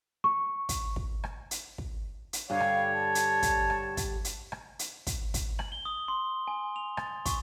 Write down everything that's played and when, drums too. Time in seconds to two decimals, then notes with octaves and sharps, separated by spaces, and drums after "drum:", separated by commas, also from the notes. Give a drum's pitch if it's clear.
0.24 C#6
0.69 drum: kick, hi-hat
0.96 drum: kick
1.24 drum: rim click
1.51 drum: hi-hat
1.78 drum: kick
2.33 drum: hi-hat
2.50 G2 D3 G3 C#5 F5
2.60 drum: rim click
2.94 A5
3.15 drum: hi-hat
3.42 drum: kick, hi-hat
3.70 drum: rim click
3.97 drum: kick, hi-hat
4.25 drum: hi-hat
4.52 drum: rim click
4.79 drum: hi-hat
5.07 drum: kick, hi-hat
5.34 drum: kick, hi-hat
5.59 F#7, drum: rim click
5.72 G7
5.85 D#6
6.08 C6
6.48 G#5
6.76 F7
6.97 A6, drum: rim click
7.25 C#6, drum: kick, hi-hat